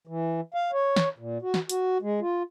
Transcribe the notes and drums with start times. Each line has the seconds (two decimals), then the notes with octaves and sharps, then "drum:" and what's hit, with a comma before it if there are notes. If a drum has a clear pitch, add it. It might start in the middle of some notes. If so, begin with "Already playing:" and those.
0.07 E3
0.54 F5
0.73 C#5
0.96 drum: snare
1.18 A#2
1.42 F#4
1.54 drum: snare
1.69 F#4, drum: hi-hat
2.02 G#3
2.21 F4